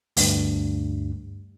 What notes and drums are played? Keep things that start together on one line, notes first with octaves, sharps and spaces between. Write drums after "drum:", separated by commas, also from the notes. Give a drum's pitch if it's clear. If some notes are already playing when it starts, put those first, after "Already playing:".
D2 G2, drum: open hi-hat